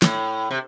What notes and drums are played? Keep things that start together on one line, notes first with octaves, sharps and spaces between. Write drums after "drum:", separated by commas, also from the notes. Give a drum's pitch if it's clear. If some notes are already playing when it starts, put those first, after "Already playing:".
A2, drum: snare
C3